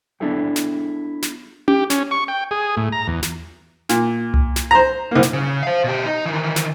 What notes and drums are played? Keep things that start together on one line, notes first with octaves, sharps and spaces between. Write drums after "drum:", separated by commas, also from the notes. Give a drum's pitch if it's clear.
B3 D4 E4 G#4 A4 G5
drum: snare
drum: snare
G4, drum: tom C#4
C#4, drum: snare
C#6
G5
G#4
A2
A#5
E2
drum: snare
A#2, drum: snare
drum: tom C2
drum: snare
C5 A#5
C2 A#3
drum: snare
C#3
C5 F5
B2 G4
D#4
D#3 E3
drum: snare